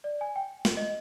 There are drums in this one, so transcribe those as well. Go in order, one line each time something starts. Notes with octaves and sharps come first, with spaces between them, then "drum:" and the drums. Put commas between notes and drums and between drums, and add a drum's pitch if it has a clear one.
D5
G#5
G5
F#7, drum: snare
D#5